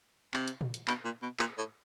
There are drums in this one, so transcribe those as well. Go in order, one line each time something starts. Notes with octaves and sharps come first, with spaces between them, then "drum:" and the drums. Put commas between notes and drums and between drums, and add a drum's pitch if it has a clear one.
C3, drum: clap
drum: hi-hat
drum: tom A#2
drum: hi-hat
B2, drum: clap
A#2
B2
A#2, drum: clap
A2